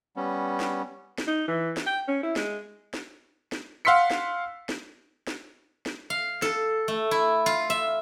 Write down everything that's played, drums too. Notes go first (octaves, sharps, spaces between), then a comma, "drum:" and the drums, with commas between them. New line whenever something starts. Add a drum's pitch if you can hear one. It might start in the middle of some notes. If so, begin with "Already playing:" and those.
G3 B3 C#4
drum: snare
drum: snare
D#4
E3
drum: snare
G5
C#4
E4
G#3, drum: snare
drum: snare
drum: snare
F5 F#5 C6 E6 B6 C#7
drum: snare
drum: snare
drum: snare
drum: snare
F5
A4, drum: snare
A3
E4
F4
E5